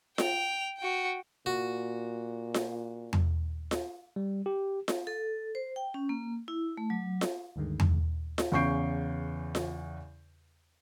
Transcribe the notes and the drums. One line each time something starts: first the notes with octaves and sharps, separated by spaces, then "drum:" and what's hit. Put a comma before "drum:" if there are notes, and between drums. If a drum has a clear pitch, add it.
G5 F7, drum: snare F4
F#4 G5
A#2 F#4
drum: snare F4
drum: tom E2
drum: snare F4
G3
G4
drum: snare F4
A4
C5
G5
C#4
A#3
E4
A3
F#3
drum: snare F4
D2 G2 D3 D#3 G#3
drum: tom E2
drum: snare F4
E2 C#3 C#6 G6 C7 D7
drum: snare F4